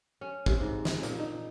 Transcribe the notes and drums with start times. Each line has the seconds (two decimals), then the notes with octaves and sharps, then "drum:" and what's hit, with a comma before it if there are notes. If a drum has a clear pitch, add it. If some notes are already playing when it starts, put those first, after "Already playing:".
0.21 C#4
0.46 C3, drum: kick
0.61 G#2
0.85 drum: snare
1.03 A#2, drum: hi-hat
1.19 D#4